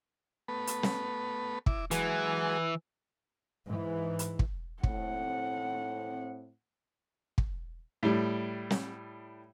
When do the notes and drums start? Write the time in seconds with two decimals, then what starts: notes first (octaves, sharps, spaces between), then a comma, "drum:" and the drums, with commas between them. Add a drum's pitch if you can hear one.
0.48 A3 B3 B4
0.67 drum: hi-hat
0.83 drum: snare
1.66 E4 D6, drum: kick
1.91 E3 F#3 G#3 G#4, drum: hi-hat
3.67 G#2 E3
4.19 drum: hi-hat
4.39 drum: kick
4.83 A2 C4 F#5, drum: kick
7.38 drum: kick
8.03 A2 G3
8.71 drum: snare